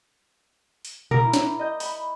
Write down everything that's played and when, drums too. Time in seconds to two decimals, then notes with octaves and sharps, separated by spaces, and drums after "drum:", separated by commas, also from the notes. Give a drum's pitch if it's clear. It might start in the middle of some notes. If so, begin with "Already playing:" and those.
0.85 drum: open hi-hat
1.11 A#4 D6, drum: tom A#2
1.24 E4
1.33 drum: snare
1.59 D#5 G6
1.80 B5, drum: open hi-hat